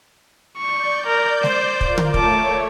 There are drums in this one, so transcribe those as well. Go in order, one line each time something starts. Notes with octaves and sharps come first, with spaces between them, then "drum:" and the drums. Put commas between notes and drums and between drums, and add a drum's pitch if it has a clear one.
D5 C#6 G6
A#4
C5, drum: snare G#3
F4 A#4, drum: kick
drum: tom D3
A3 C#5 A5 D6, drum: kick